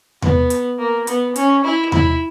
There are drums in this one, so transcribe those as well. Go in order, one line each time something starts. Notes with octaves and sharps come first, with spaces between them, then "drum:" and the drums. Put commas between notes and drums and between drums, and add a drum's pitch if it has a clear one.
B3, drum: tom E2
drum: hi-hat
A#3
B3, drum: hi-hat
C#4, drum: hi-hat
E4
E4, drum: tom E2